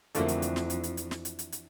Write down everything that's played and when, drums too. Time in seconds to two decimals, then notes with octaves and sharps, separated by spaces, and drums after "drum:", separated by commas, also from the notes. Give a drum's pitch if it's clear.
0.15 F2 D3 E3 A3 A#3 D4 F#4, drum: hi-hat
0.28 drum: hi-hat
0.42 drum: hi-hat
0.56 drum: snare
0.70 drum: hi-hat
0.84 drum: hi-hat
0.97 drum: hi-hat
1.11 drum: snare
1.25 drum: hi-hat
1.39 drum: hi-hat
1.52 drum: hi-hat